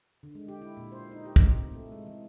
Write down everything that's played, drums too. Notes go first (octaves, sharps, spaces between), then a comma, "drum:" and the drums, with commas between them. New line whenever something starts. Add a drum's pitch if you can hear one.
D3
G#3
G4
E4
A#2
C5
D#4
G4
drum: kick
C3
A3
G#3
E3